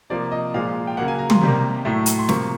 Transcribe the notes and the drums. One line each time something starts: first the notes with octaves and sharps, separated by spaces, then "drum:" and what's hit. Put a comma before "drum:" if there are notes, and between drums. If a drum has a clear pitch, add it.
C3 F3 A#3 D5
D#5
A#2 F3 G#3 F5
G5
C#3 F#3 A#3 F#5
G#5
A#5
C6, drum: tom
C3 D#3 G3 A#3
A2 F#3 A3
drum: hi-hat
C6
C3 F3 A#3 C#6, drum: snare